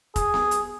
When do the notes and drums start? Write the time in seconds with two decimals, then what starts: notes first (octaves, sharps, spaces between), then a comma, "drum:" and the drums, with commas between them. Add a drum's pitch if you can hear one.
0.16 G#4, drum: kick F1, hi-hat
0.34 drum: snare B3
0.51 drum: hi-hat